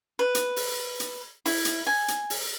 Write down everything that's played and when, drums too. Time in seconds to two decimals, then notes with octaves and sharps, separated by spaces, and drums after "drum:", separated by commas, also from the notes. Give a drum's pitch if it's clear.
0.19 B4
0.35 drum: hi-hat
0.56 drum: open hi-hat
1.00 drum: hi-hat
1.46 E4, drum: open hi-hat
1.65 drum: hi-hat
1.87 G#5
2.08 drum: hi-hat
2.30 drum: open hi-hat